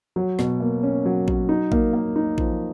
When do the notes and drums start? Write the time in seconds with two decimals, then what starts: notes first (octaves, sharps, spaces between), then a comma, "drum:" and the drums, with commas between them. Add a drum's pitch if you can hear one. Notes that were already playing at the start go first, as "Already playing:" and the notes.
0.16 F#3
0.39 B2, drum: snare
0.60 A#3
0.83 C#4
1.05 F#3
1.28 F#3, drum: kick A1
1.49 D#4
1.72 A#3, drum: kick A1
1.93 A#3
2.16 D#4
2.38 F3, drum: kick A1